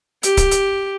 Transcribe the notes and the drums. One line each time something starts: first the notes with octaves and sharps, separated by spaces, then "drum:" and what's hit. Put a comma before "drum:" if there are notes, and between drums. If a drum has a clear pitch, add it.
G4, drum: hi-hat
drum: kick C#1, hi-hat
drum: hi-hat